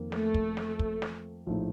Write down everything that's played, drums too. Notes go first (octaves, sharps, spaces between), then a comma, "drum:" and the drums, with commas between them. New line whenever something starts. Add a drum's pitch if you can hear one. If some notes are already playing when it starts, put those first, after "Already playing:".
Already playing: F2 D#3 A#3
A3, drum: snare
drum: kick
drum: snare
drum: kick
drum: snare
A#1 A2 A3 D#4